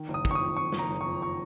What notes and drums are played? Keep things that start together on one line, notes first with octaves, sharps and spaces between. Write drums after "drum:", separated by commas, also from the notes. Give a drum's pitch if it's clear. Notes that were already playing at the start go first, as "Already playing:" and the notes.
Already playing: D#3
F#1
D#6
D#3, drum: kick
C#6
D#6
F2
F2 C#6
F#1, drum: snare
A#5
F#1
C#6
F2
C#6